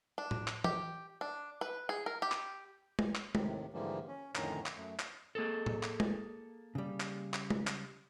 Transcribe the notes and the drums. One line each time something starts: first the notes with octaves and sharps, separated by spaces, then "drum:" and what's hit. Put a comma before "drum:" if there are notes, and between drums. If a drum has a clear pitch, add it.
D4
drum: tom A2
drum: clap
G4, drum: tom E3
D4
B4
G#4
A#4
G4
drum: clap
drum: tom G#3
drum: clap
D#2 A2 C3 D#3, drum: tom G#3
G#2 D3 E3 F3 G3 A#3
C#4
F2 A2 D3 D#3 C#4 A#5, drum: clap
drum: clap
F#2 A3
drum: clap
A#3 G#4 A4
drum: tom A2
drum: clap
drum: tom G#3
C#3 G3
drum: clap
drum: clap
drum: tom G#3
drum: clap